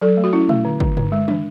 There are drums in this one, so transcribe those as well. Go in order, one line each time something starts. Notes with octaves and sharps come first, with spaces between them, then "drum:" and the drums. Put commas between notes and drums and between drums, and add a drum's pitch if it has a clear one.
F#3 A4
A3
F#4
C#4 E4
A3, drum: tom A#2
D3
D3, drum: kick
D3, drum: tom G2
G#3
D4, drum: tom